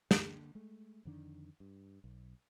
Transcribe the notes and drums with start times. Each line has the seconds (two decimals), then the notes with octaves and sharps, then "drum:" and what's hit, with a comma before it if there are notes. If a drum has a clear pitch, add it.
0.11 D3 A#3, drum: snare
0.55 G#3 A3
1.05 F2 D3 D#3 D4
1.60 G2
2.04 B1